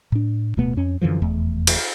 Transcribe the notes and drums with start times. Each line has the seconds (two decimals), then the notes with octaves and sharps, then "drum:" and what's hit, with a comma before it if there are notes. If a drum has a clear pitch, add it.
0.12 A2 D4
0.57 D1 B2 A3 B3
0.77 F2 C#4
1.01 F#2 D3 E3 F3
1.22 F1 E2 A3
1.67 drum: cymbal